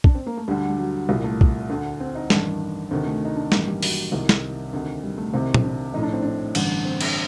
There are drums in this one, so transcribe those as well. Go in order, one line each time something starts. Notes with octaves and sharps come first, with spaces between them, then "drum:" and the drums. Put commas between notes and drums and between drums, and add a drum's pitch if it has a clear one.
D4, drum: kick
C4
A#3
A3
D2 D3 G3
G3
F#3
C2 A#2 G3
A3
drum: kick
D2 D3
C4
D#4
A1 G2 D#3 D4, drum: snare
D2 C3 D#3 C4
A3
D#4
D4
A1 G2 D#3 A#3, drum: snare
G3
F#3, drum: open hi-hat
C2 C3 D#3
drum: snare
D2 C3 D#3
G3
A3
C2 C3 D#3 C4
drum: tom
D4
A#1 A2 D#4
D4
C4
D4
A1 G2 D3, drum: cymbal
C4
C4, drum: cymbal